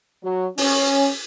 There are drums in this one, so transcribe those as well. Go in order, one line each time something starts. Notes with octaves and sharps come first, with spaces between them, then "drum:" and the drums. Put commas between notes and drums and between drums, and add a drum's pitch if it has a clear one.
F#3
C#4, drum: open hi-hat